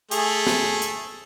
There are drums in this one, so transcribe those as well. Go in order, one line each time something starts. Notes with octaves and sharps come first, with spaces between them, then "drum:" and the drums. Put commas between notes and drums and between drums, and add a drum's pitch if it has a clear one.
A3 G#4, drum: hi-hat
drum: snare
drum: hi-hat